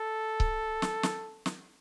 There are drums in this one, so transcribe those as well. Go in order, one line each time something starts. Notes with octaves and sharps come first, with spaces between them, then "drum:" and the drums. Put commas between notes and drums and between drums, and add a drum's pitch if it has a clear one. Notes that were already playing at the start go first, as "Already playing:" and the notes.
Already playing: A4
drum: kick C#1
drum: snare
drum: snare
drum: snare